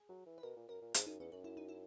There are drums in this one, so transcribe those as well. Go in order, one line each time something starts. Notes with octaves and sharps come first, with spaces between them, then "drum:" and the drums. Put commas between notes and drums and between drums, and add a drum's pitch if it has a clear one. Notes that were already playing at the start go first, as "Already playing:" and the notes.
Already playing: G#4
F#3
E3
B4
B2 A#4
A#2
F#2 A#4
A#2
G#2 G#4, drum: hi-hat
F#2 D#4
E2 C#4
F#2 F#4
E4
D#4
E4